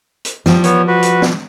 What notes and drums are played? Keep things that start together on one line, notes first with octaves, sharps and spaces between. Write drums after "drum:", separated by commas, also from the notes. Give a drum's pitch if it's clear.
drum: hi-hat
F3 G3, drum: snare
B3 C#5, drum: hi-hat
F#4 B4
drum: hi-hat
drum: snare